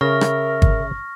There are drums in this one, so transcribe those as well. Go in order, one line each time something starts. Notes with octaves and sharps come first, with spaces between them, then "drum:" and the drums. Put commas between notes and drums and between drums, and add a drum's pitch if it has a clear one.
C#3 A#4 E5 C#6 F6 A#6
drum: rim click
drum: kick